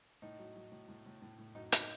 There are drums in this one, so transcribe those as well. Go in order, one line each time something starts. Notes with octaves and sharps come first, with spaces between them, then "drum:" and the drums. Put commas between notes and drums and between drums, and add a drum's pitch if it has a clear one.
A2 D#4
F#3
F#3
A2
A2
A2
A2
A2
F#2 D#4
D#4, drum: hi-hat